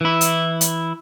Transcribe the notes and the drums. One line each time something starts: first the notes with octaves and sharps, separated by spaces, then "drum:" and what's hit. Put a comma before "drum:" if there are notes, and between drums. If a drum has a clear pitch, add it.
E3 E4
drum: hi-hat
drum: hi-hat